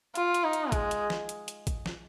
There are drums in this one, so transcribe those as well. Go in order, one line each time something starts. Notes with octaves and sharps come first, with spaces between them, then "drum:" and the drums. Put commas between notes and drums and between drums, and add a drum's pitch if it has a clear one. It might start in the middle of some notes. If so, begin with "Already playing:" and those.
F4, drum: hi-hat
drum: hi-hat
D#4
drum: hi-hat
G#3, drum: kick A1, hi-hat
drum: hi-hat
drum: snare
drum: hi-hat
drum: hi-hat
drum: kick A1, hi-hat
drum: snare